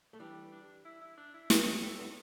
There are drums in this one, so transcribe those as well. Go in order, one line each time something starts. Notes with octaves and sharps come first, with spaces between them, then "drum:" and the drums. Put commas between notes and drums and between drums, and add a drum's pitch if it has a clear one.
A3
E3 G3 D4
D4
E4
E4
D4
E4
G3 B3 F#4, drum: snare
A3 C#4
G3 B3 A4
B3 D4